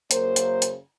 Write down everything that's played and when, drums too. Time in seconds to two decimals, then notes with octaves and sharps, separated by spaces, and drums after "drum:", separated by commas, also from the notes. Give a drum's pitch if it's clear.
0.11 F#2 C#3 A#3 A#4 C5, drum: hi-hat
0.36 drum: hi-hat
0.62 drum: hi-hat